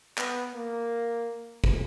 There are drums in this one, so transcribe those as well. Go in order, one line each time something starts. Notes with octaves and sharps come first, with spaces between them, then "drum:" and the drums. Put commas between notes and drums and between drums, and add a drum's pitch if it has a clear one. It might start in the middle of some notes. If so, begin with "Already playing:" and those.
B3, drum: clap
A#3
drum: kick